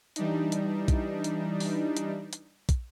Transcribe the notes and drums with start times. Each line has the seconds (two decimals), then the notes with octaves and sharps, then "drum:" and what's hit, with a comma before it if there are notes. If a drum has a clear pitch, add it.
0.16 E3 G3 D4 D#4, drum: hi-hat
0.52 drum: hi-hat
0.88 drum: kick, hi-hat
1.24 drum: hi-hat
1.60 drum: open hi-hat
1.97 drum: hi-hat
2.33 drum: hi-hat
2.69 drum: kick, hi-hat